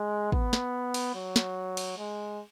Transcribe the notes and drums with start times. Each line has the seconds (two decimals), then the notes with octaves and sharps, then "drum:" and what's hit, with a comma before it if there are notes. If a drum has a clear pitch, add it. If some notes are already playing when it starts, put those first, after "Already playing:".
Already playing: G#3
0.32 B3, drum: kick
0.53 drum: snare
0.94 drum: cymbal
1.15 F#3
1.36 drum: snare
1.77 drum: cymbal
1.98 G#3